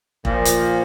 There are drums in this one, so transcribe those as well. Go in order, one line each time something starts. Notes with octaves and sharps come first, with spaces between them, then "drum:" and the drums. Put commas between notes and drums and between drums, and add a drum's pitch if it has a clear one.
A#2 F3, drum: kick E1
drum: hi-hat